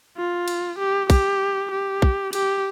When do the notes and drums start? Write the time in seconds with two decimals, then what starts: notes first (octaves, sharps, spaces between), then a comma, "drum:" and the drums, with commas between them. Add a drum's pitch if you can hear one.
0.17 F4
0.48 drum: cymbal
0.79 G4
1.10 G4, drum: kick, cymbal
1.72 G4
2.02 drum: kick
2.33 G4, drum: cymbal